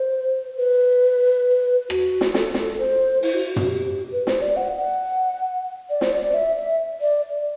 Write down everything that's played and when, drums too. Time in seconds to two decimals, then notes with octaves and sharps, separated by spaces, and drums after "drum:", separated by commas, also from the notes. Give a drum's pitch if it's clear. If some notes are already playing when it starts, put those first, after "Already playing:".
Already playing: C5
0.57 B4
1.90 F#4, drum: rim click
2.21 drum: snare
2.34 A4, drum: snare
2.54 drum: snare
2.79 C5
3.23 E4, drum: open hi-hat
3.34 F#4
3.46 F#4
3.56 F#4, drum: tom
3.68 G4
4.12 B4
4.27 C5, drum: snare
4.42 D5
4.57 F#5
4.79 F#5
5.90 D5
6.01 C5, drum: snare
6.12 D5
6.23 D5
6.34 E5
6.56 E5
7.01 D5